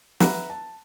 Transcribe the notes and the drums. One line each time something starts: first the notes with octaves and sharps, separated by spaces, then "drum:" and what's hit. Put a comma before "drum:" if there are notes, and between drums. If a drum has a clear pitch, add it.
B4 E5 F#5 A#5, drum: snare
A5